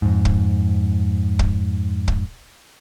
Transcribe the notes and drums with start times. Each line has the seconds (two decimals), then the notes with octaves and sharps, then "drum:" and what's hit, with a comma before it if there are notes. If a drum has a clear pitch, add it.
0.02 F2 G#2
0.25 drum: kick
1.39 drum: kick
2.08 drum: kick